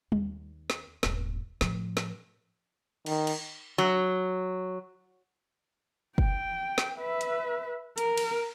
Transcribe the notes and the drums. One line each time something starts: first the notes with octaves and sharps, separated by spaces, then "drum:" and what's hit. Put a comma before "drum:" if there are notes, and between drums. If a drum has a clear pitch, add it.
D#2, drum: tom G3
drum: snare
D#1 G#1, drum: snare
A2 F3, drum: snare
drum: snare
D#3, drum: cymbal
drum: cymbal
F#3
G5, drum: kick
drum: snare
B4 E5
drum: hi-hat
A#4, drum: hi-hat
drum: cymbal